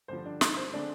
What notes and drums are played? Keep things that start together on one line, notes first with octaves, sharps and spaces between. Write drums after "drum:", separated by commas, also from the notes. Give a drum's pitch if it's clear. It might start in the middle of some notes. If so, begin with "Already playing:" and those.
G2 D3 F3 C5
D4
D#4, drum: snare
C5
D3 G#3 C4 D4